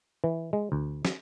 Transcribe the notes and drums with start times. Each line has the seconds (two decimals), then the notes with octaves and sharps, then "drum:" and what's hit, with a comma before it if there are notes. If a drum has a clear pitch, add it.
0.24 E3
0.53 G#3
0.72 D2
1.05 drum: snare